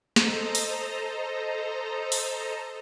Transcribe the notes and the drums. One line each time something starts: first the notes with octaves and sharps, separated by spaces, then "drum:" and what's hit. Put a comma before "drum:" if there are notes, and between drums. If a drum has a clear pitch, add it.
A4 C5 D#5 A#5, drum: snare
drum: open hi-hat
drum: open hi-hat